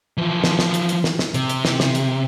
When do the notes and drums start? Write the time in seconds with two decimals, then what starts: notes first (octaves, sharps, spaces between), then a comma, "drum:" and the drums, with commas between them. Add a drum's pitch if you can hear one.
0.17 E3 F3
0.44 drum: snare
0.59 drum: snare
0.74 drum: hi-hat
0.89 drum: hi-hat
1.04 drum: snare
1.19 drum: snare
1.34 C3, drum: hi-hat
1.50 drum: hi-hat
1.65 drum: snare
1.80 drum: snare
1.95 drum: hi-hat